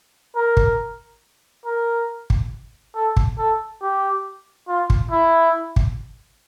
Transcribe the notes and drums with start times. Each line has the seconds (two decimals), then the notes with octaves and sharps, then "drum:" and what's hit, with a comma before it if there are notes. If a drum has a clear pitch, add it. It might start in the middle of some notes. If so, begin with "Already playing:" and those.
0.36 A#4
0.57 drum: kick
1.66 A#4
2.30 drum: kick
2.95 A4
3.17 drum: kick
3.39 A4
3.82 G4
4.68 F4
4.90 drum: kick
5.11 E4
5.76 drum: kick